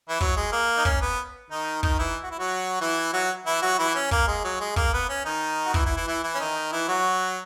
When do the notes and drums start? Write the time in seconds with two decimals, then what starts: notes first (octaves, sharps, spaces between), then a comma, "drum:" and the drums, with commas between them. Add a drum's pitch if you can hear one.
0.09 E3 E4
0.21 F#3, drum: kick
0.36 G#3
0.52 A#3
0.77 D#4
0.85 C#4, drum: kick
1.02 B3
1.50 D#3 D#4
1.83 D#3 D#4, drum: kick
1.99 E3 E4
2.23 F#4
2.31 E4
2.39 F#3 F#4
2.81 E3 E4
3.13 F#3 F#4
3.46 E3 E4
3.62 F#3 F#4
3.79 E3 E4
3.95 C#4
4.11 A#3, drum: kick
4.27 G#3
4.44 F#3
4.60 G#3
4.76 A#3, drum: kick
4.93 B3
5.09 C#4
5.25 D#3 D#4
5.66 F#4
5.74 E3 E4, drum: kick
5.85 E3 E4
5.96 E3 E4
6.07 E3 E4
6.23 E3 E4
6.35 C#4
6.39 D#3 D#4
6.72 E3 E4
6.88 F#3 F#4